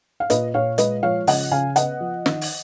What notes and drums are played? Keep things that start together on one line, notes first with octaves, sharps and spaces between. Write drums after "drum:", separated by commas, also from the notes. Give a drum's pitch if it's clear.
F5
A#2 B4 D#5, drum: hi-hat
A#2 C#5 F5
G#3 B4 D#5, drum: hi-hat
F3 C#5 F5
C#3 D#5 F#5, drum: open hi-hat
C#3 F5 G#5
B3 D#5 F#5, drum: hi-hat
F3
D#3, drum: snare
drum: open hi-hat